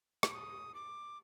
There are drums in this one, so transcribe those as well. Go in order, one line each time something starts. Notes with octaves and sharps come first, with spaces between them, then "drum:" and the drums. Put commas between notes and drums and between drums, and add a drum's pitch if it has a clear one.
D6, drum: rim click
D#6
D6